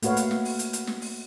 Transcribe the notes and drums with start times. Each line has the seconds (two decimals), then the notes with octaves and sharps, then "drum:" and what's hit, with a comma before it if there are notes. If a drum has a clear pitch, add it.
0.02 A3 A#3 F#4 B4 C#5 F5, drum: hi-hat
0.17 drum: hi-hat
0.31 drum: snare
0.45 drum: open hi-hat
0.59 drum: hi-hat
0.73 drum: hi-hat
0.87 drum: snare
1.01 drum: open hi-hat